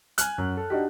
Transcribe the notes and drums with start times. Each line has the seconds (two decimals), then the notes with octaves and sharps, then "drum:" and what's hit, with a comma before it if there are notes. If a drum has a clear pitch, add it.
0.18 G#5 F6 F#6, drum: hi-hat
0.38 F#2
0.57 A4
0.70 D4 D#4 F#4 G4